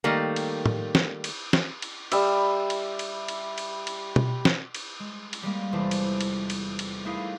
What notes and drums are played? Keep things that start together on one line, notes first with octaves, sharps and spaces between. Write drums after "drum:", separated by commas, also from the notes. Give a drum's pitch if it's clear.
D#3 G3 A3 A#3
drum: cymbal
drum: tom A2
drum: snare
drum: cymbal
drum: snare
drum: cymbal
G3 E5, drum: cymbal
drum: cymbal
drum: cymbal
drum: cymbal
drum: cymbal
drum: cymbal
drum: tom B2
drum: snare
drum: cymbal
G#3
drum: cymbal
G3 G#3 A#3
F1 E2 E3 C5 A5 D6
drum: cymbal
drum: cymbal
drum: cymbal
drum: cymbal
A3 D#4 E4 G#4 A#4 F5